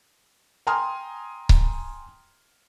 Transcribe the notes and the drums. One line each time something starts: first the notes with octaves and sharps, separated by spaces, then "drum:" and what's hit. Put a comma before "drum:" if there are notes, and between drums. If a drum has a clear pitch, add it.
G5 G#5 A#5 C6 D#6 F6
drum: kick C#1